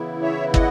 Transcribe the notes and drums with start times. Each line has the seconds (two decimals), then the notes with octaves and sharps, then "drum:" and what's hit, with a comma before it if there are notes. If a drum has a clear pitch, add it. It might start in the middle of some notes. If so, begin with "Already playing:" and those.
Already playing: C#3 E3 B3 E4
0.22 C#5 E5
0.54 D#5 F#5, drum: kick